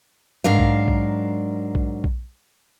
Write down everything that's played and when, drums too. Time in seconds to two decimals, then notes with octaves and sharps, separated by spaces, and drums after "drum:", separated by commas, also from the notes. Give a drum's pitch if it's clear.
0.44 G#2 F#3 D4 A#4 F5
0.59 drum: kick A#1
0.88 drum: kick A#1
1.75 drum: kick A#1
2.04 drum: kick A#1